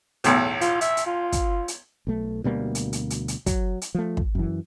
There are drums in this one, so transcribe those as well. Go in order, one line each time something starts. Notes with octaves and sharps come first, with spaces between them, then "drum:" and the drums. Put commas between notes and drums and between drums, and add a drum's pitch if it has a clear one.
B1 E2 A2, drum: hi-hat
F4, drum: hi-hat
E5, drum: hi-hat
drum: hi-hat
F4
drum: kick, hi-hat
drum: hi-hat
B1 A3
D2 B2 G3 A#3
drum: hi-hat
drum: hi-hat
drum: hi-hat
drum: hi-hat
F#3, drum: kick, hi-hat
drum: hi-hat
F3 A3
drum: kick
F#2 E3